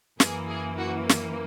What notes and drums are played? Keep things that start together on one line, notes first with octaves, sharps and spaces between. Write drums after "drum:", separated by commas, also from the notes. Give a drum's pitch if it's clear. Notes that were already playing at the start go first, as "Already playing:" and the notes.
F#2 E3 A#3 G#4, drum: snare
G#4
F#4
drum: snare